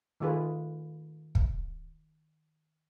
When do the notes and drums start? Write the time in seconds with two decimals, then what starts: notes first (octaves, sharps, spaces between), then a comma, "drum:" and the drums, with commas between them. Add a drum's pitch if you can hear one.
0.20 D#3 A3 F4 G#4 B4
1.35 drum: kick